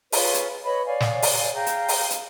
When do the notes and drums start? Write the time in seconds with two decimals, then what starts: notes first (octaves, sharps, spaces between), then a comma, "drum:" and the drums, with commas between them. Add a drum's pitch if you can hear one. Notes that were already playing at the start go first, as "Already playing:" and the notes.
0.12 F4 G#4 B4 C#5, drum: open hi-hat
0.34 drum: hi-hat
0.64 B4 C#5 D#5 B5
0.85 C#5 D5 F5 G#5
1.00 drum: snare
1.22 drum: open hi-hat
1.53 G#4 F5 G5 A#5
1.66 drum: hi-hat
1.88 drum: open hi-hat
2.10 drum: hi-hat